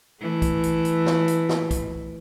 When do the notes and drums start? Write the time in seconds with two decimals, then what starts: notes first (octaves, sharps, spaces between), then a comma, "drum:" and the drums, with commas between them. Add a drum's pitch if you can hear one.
0.21 E3 A3
0.42 drum: kick, hi-hat
0.63 drum: hi-hat
0.85 drum: hi-hat
1.06 drum: snare
1.28 drum: hi-hat
1.49 drum: snare
1.71 drum: kick, hi-hat